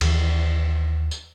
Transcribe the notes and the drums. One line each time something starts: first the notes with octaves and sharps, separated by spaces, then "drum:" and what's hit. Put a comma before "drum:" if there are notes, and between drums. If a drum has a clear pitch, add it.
D#2 E3, drum: cymbal
drum: tambourine